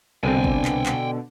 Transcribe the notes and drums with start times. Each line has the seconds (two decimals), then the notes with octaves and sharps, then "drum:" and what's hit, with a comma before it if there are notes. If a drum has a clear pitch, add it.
0.23 C2 B2 D3 C4 G5 G#5
0.44 drum: kick
0.65 drum: clap
0.86 drum: clap